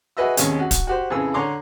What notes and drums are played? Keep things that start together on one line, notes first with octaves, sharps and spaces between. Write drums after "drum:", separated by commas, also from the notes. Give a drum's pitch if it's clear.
F#4 G#4 B4 D#5 E5 E6
D#2 C3 G#3 C#4, drum: hi-hat
F#4
drum: kick, hi-hat
F#4 G4 C5
F2 C#3 E3 G#4 E6
D3 C#5 A#5 C6 D6